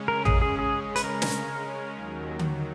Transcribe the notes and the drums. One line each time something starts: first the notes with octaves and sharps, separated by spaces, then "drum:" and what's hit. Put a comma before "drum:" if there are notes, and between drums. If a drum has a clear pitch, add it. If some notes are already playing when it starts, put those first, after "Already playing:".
Already playing: C#3 G#3 C#4
A#4
G#4, drum: tom A1
G#4
G#4
B4, drum: hi-hat
A#4
drum: snare
D#2 D#3 F#3
drum: tom D3